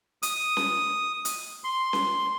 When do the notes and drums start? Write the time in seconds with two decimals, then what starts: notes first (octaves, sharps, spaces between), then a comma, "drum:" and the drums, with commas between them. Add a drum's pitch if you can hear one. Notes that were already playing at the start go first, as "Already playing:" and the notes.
0.23 D#6, drum: hi-hat
0.57 drum: snare C#4
1.25 drum: hi-hat
1.64 C6
1.93 drum: snare C#4